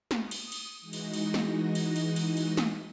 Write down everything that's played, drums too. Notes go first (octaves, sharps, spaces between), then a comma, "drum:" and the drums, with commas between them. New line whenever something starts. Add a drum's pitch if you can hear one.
D#6, drum: snare
drum: cymbal
drum: cymbal
E3 G#3 D#4 F#4 D#5
drum: cymbal
drum: cymbal
drum: snare
drum: cymbal
drum: cymbal
drum: cymbal
drum: cymbal
drum: snare